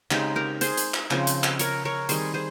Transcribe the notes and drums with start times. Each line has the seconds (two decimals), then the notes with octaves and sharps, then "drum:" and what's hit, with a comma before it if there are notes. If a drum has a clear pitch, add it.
0.11 C#3 G#3 C4 D#4 G4, drum: clap
0.36 G4 A#4
0.61 G#4 C5, drum: hi-hat
0.77 drum: hi-hat
0.94 drum: clap
1.11 C#3 F3 C4, drum: clap
1.27 drum: hi-hat
1.44 drum: clap
1.59 A#4 C#5, drum: hi-hat
1.85 A#4 C#5
2.09 D#3 G3 C4 G#4 C5, drum: hi-hat
2.34 G#4 C5